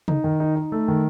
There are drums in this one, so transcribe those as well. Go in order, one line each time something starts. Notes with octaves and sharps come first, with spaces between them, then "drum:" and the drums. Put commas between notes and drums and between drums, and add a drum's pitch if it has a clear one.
D#4, drum: tom C3
D#3
D#4
D#4
A3
D#3